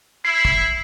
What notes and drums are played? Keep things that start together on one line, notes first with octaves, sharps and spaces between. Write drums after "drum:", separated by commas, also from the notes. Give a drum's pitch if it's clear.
E4 C7
drum: kick